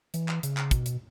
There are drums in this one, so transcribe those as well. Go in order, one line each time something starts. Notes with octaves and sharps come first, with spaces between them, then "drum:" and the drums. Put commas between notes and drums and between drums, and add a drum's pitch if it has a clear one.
E3, drum: hi-hat
drum: clap
C#3, drum: hi-hat
drum: clap
B2, drum: kick, hi-hat
drum: hi-hat